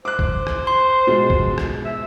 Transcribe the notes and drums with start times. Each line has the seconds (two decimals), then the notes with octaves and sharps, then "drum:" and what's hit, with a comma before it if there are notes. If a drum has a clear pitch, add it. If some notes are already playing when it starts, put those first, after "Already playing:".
0.05 C5 D6 F#6
0.19 drum: kick
0.47 drum: rim click
0.67 C6
1.07 B2 G#3
1.30 drum: kick
1.58 drum: rim click
1.85 E5